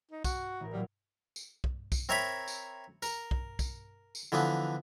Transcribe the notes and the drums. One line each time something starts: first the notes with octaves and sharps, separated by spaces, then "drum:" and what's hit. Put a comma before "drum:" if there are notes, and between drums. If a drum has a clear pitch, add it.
D#4
F#4, drum: kick B1, tambourine
A1 A#4
A#2 F#3 G3 F6
drum: tambourine
drum: kick B1
drum: kick B1, tambourine
C4 A#4 C#5 E5 A#5 B5
drum: tambourine
A#4, drum: tambourine
drum: kick B1
drum: kick B1, tambourine
drum: tambourine
D3 E3 F3 B3